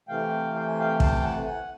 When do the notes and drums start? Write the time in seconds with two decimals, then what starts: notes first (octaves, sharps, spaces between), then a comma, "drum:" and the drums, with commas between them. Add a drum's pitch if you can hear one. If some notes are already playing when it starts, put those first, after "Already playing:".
0.08 C3 E3 A3 F5 G5
0.54 G5
0.67 G#5
0.79 F5 G5
1.00 G5 A5, drum: kick
1.23 F#5 G#5
1.46 F#5 G#5